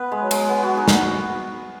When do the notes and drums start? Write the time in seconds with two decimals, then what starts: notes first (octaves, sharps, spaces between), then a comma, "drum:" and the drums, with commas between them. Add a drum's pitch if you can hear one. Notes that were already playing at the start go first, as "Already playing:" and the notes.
Already playing: B3 B4
0.12 G#3
0.21 F#3
0.31 G#3, drum: cymbal
0.49 B3 B4
0.63 F#4
0.77 D#4 G#4
0.88 drum: snare